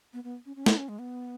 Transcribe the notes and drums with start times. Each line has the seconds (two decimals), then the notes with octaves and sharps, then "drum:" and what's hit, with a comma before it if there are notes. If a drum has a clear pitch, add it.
0.13 B3
0.24 B3
0.46 C#4
0.56 C#4
0.66 E4, drum: snare
0.77 C#4
0.89 G#3
0.99 B3